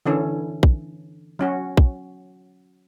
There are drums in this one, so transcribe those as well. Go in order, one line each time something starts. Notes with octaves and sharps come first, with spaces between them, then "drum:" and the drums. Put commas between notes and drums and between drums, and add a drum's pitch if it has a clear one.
D3 E3 C#4 A4
drum: kick
F#3 C#4 F#4
drum: kick